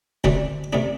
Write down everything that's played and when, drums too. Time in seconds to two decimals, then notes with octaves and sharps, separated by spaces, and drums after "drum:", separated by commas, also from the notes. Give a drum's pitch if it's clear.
0.24 D2 C3 A3 D4, drum: kick
0.73 C3 A3 D4